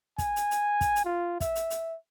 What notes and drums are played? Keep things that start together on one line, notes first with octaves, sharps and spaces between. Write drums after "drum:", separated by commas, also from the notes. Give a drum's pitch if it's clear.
G#5, drum: kick, hi-hat
drum: hi-hat
drum: hi-hat
drum: kick, hi-hat
drum: hi-hat
F4
E5, drum: kick, hi-hat
drum: hi-hat
drum: hi-hat